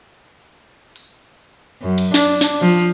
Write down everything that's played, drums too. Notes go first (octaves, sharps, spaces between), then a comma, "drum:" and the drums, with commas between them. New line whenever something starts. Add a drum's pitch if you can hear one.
drum: open hi-hat
F#2
drum: cymbal
D4, drum: snare
drum: snare
F3